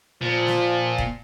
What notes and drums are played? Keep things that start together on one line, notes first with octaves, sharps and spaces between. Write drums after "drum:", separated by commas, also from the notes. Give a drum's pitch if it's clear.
A#2 F3
drum: snare
drum: kick E1